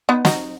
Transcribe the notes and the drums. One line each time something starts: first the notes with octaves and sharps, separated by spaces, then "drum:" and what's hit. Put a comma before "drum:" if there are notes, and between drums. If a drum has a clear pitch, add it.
B3 D#4
D#4 F#4, drum: snare